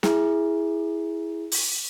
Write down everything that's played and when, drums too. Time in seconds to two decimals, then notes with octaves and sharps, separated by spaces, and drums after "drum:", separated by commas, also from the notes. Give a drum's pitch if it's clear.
0.03 E4 G#4, drum: snare
1.52 drum: open hi-hat